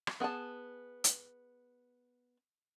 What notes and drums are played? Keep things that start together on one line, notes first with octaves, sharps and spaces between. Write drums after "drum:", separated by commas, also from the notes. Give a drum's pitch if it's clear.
drum: rim click
B3 G#4 F#5 A5
drum: hi-hat